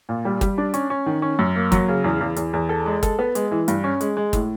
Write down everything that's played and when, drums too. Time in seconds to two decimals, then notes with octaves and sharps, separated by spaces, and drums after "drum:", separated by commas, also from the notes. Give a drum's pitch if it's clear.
0.09 A#2
0.25 G3
0.41 G3, drum: kick, hi-hat
0.58 D4
0.74 C#4, drum: hi-hat
0.90 C#4
1.06 D#3
1.22 C#4
1.39 F#2
1.56 A#3
1.72 F#3, drum: kick, hi-hat
1.88 C#3
2.04 E2
2.21 E2
2.36 E2, drum: hi-hat
2.53 E2
2.69 A4
2.86 G#3
3.03 A4, drum: kick, hi-hat
3.19 B3
3.35 G#3, drum: hi-hat
3.51 E3
3.68 G2, drum: hi-hat
3.84 C#4
4.01 G#3, drum: hi-hat
4.17 G#3
4.33 A2, drum: kick, hi-hat